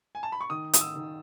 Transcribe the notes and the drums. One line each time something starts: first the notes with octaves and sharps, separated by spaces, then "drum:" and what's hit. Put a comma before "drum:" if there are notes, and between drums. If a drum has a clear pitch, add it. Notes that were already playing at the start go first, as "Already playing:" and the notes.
G#5
A5
B5
C#6
D#3 D#6
D#6, drum: hi-hat
E6
D#3